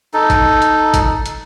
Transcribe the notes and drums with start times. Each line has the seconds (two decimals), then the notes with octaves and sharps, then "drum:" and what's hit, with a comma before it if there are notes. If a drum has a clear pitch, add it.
0.14 D#4 A4
0.30 drum: kick G#1, hi-hat
0.62 drum: hi-hat
0.94 drum: kick G#1, hi-hat
1.26 drum: hi-hat